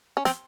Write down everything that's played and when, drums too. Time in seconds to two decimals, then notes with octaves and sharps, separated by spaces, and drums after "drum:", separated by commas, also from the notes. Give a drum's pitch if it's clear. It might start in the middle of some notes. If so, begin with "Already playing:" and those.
0.17 C#4
0.25 C4, drum: snare